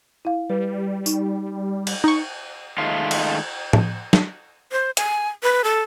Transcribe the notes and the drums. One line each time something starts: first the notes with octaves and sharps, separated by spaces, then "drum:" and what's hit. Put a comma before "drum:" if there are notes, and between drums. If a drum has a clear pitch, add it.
E4 F5
G3 B4
D#4, drum: tambourine
drum: cymbal
D#4 C#6
D#3 G#3 A3 F4 F5
drum: cymbal
drum: tom A2
drum: snare
C5
G#5, drum: hi-hat
B4
A4